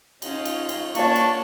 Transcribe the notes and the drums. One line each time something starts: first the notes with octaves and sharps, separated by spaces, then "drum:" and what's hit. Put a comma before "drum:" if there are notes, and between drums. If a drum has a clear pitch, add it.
C#4 D#4 F4, drum: cymbal
drum: cymbal
drum: cymbal
A#3 C#4 D4 F4 C#5 A5 C#6, drum: cymbal
drum: cymbal